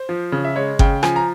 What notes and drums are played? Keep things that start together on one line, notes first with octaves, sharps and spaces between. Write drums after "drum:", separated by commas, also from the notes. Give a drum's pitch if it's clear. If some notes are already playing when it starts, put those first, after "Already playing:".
Already playing: C5
F3
C#3
E5
G#3 C#5
C#3 G5, drum: kick G1
F3 G#5, drum: rim click
A#5